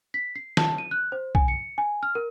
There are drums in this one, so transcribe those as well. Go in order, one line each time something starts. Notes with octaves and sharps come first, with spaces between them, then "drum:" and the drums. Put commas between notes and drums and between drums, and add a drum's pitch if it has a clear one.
B6
C7
A5, drum: snare
D#7
F#6
C5
G#5, drum: kick B1
C#7
G#5
F6
A#4